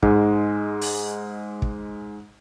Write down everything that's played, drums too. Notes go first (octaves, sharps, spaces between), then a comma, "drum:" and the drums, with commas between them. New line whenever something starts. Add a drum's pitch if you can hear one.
G#2 G#3, drum: kick
drum: open hi-hat
drum: kick